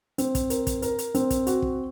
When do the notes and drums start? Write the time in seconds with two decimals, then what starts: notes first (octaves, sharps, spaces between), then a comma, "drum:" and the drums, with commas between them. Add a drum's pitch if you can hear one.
0.18 C4, drum: hi-hat
0.35 drum: kick, hi-hat
0.50 A#4, drum: hi-hat
0.67 drum: kick, hi-hat
0.82 A#4, drum: hi-hat
0.99 drum: hi-hat
1.15 C4, drum: hi-hat
1.30 drum: kick, hi-hat
1.47 F#4, drum: hi-hat
1.62 drum: kick